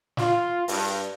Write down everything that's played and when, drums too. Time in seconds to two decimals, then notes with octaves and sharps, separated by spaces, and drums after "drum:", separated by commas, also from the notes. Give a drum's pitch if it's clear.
0.17 F4, drum: snare
0.68 G2, drum: open hi-hat